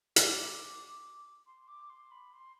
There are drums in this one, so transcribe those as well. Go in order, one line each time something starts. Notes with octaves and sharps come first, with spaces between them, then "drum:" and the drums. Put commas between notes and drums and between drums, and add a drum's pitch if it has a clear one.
D6, drum: hi-hat
C6
D6
C6
B5
C6